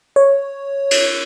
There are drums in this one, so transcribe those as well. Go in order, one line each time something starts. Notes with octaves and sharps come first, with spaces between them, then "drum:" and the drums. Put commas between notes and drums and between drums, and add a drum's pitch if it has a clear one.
C#5
drum: cymbal